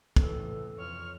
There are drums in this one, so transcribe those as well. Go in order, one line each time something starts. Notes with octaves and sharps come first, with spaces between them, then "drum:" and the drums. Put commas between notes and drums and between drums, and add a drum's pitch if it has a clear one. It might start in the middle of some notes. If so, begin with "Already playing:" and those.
A2 E3 A4, drum: kick
F2 C#5 F6